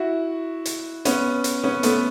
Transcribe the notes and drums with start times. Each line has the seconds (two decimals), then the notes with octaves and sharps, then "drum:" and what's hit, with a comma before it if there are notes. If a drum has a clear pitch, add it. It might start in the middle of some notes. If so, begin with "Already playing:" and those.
Already playing: E4 F#4
0.65 drum: hi-hat
1.05 B3 C#4, drum: hi-hat
1.44 drum: hi-hat
1.64 B3 C#4
1.83 A3 B3, drum: hi-hat